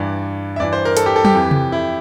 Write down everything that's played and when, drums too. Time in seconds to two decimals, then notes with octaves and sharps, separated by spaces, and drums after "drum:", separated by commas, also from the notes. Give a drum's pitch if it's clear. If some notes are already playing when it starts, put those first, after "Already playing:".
Already playing: G2 E3 D5
0.56 E5
0.60 G2 E3 D5
0.73 C5
0.85 A#4
0.97 A4, drum: hi-hat
1.06 G4
1.16 A4
1.25 G4, drum: tom F#3
1.34 F2 E3
1.51 drum: tom C3
1.72 E4